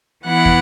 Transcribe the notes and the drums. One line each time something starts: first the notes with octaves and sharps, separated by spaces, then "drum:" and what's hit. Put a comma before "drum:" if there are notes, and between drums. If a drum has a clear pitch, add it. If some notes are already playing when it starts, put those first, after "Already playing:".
E3 B3 E4 F#5
drum: kick